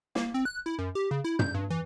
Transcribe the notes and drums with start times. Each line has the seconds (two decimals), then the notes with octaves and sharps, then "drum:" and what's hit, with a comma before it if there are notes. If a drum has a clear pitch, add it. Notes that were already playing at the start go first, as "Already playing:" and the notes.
0.15 A#3, drum: snare
0.34 C4
0.45 F#6
0.66 E4
0.79 F#2
0.95 G4
1.11 C#3
1.24 E4
1.39 G6, drum: tom
1.55 G2
1.70 E3